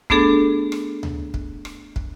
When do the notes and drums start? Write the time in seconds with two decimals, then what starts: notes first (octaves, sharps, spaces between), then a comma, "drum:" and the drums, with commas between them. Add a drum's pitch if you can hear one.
0.10 A3 B3 D4 G#4 A4, drum: kick
0.72 drum: rim click
1.03 drum: tom D2
1.34 drum: kick
1.65 drum: rim click
1.96 drum: kick